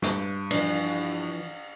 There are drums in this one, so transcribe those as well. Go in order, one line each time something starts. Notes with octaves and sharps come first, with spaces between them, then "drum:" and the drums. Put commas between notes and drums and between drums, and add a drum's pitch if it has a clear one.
G2, drum: snare
E3 F3 D4, drum: cymbal